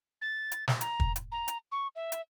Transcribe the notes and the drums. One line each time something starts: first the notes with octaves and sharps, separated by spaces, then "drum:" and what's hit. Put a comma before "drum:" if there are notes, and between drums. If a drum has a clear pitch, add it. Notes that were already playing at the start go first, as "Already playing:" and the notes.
A6
drum: hi-hat
drum: snare
A#5, drum: hi-hat
drum: kick
drum: hi-hat
A#5
drum: hi-hat
C#6
E5
drum: hi-hat